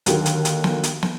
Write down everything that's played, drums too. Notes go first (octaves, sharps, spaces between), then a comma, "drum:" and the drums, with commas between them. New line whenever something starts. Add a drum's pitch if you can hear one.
D#2 D3 D#3 F#3 A#3, drum: hi-hat
drum: hi-hat
drum: hi-hat
drum: snare
drum: hi-hat
drum: snare